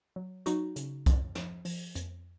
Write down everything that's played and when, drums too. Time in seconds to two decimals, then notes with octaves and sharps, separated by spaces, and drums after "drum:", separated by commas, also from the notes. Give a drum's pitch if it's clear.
0.16 F#3
0.46 F#3 D#4 F#4, drum: hi-hat
0.76 C#3, drum: hi-hat
1.06 F2, drum: kick, hi-hat
1.35 F3, drum: snare
1.65 F3, drum: open hi-hat
1.96 F2, drum: hi-hat